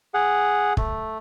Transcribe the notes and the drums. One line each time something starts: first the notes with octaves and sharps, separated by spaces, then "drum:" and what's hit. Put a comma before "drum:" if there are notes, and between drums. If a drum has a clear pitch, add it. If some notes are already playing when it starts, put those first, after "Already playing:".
G#4 F#5
A3, drum: kick